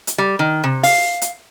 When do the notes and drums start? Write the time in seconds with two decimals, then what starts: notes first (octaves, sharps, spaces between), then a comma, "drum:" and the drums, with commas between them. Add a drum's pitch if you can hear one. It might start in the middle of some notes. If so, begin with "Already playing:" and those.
0.07 drum: hi-hat
0.18 G3
0.39 D#3
0.64 C3
0.83 F5, drum: open hi-hat
1.21 drum: hi-hat